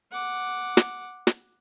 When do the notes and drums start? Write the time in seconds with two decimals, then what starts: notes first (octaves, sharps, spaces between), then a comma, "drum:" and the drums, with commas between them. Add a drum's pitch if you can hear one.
0.12 F#5 D6
0.77 drum: snare
1.27 drum: snare